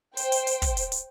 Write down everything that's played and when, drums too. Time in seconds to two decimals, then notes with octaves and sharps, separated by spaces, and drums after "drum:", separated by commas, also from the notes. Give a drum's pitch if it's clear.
0.17 C5 G5, drum: hi-hat
0.32 drum: hi-hat
0.47 drum: hi-hat
0.62 drum: kick, hi-hat
0.77 drum: hi-hat
0.92 drum: hi-hat